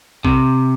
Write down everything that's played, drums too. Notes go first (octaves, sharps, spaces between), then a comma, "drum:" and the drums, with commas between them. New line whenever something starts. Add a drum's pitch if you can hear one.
C3, drum: kick